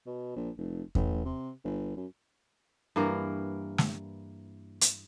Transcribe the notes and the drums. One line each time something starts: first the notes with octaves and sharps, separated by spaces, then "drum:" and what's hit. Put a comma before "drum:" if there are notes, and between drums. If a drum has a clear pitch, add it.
B2
A#1
F1
A1, drum: kick E2
C3
G1
F#2
G2 E3 A#3 A#4
drum: snare
drum: hi-hat